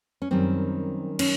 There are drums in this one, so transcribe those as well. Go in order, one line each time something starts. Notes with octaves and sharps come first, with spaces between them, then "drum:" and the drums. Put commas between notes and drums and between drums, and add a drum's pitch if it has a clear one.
C#4
F#2 D#3 G3 C4
C#4, drum: cymbal